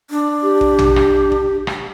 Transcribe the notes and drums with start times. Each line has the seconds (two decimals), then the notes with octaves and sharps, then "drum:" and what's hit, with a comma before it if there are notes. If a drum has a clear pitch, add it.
0.10 D4
0.43 G4
0.61 drum: kick
0.79 drum: tom
0.96 drum: rim click
1.32 drum: kick
1.67 drum: rim click